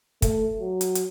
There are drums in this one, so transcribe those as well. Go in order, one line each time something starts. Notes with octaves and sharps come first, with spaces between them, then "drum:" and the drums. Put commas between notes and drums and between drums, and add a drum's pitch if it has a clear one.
A3, drum: kick, hi-hat
F#3
drum: hi-hat
drum: hi-hat